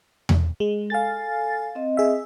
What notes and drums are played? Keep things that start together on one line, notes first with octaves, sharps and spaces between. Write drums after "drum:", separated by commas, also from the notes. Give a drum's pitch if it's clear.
drum: tom E2
G#3
A4 F5 G#5 A6
C4 D#5
G#4 E5